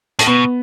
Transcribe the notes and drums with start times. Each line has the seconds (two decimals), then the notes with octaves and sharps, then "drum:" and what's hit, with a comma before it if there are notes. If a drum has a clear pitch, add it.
0.19 A2, drum: hi-hat
0.26 B2 B3